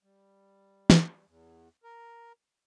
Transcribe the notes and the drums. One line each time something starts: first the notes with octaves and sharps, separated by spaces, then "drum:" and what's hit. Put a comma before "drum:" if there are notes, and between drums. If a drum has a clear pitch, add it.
G3
drum: snare
E2
A#4